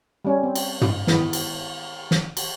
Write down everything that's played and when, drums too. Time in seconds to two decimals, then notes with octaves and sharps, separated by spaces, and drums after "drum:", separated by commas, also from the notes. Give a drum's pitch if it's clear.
0.25 G3 C#4
0.43 C4
0.55 drum: cymbal
0.81 drum: tom
1.07 D#3 G#3 B3 E4, drum: snare
1.33 drum: cymbal
2.11 drum: snare
2.37 drum: cymbal